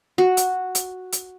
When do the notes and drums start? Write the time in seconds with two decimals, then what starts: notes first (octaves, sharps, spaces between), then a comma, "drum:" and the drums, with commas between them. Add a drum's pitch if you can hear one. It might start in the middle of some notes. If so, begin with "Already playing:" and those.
0.18 F#4
0.37 drum: hi-hat
0.75 drum: hi-hat
1.12 drum: hi-hat